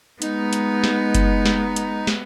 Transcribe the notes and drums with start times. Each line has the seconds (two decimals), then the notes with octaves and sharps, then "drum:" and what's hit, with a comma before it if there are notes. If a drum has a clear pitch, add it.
0.22 G#3 B3 D#4, drum: hi-hat
0.53 drum: hi-hat
0.84 drum: snare
1.15 drum: kick F#1, hi-hat
1.45 drum: snare
1.76 drum: hi-hat
2.07 drum: snare